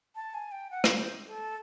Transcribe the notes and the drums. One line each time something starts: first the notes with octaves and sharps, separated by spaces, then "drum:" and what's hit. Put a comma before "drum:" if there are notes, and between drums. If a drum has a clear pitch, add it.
A5
G#5
G5
F#5
F5, drum: rim click
C5
A4